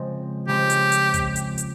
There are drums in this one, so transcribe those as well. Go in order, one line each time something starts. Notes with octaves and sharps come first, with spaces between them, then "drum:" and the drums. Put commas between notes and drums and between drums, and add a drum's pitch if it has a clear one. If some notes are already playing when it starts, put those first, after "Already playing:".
Already playing: C#3 F3 G#3 C4
C#3 F3 G#3 C4 G4
drum: hi-hat
drum: hi-hat
drum: kick, hi-hat
drum: hi-hat
drum: hi-hat